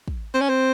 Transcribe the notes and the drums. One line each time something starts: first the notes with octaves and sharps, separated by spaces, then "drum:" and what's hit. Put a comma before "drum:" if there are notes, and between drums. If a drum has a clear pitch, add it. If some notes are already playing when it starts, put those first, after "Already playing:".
drum: kick
C4
C#4
C4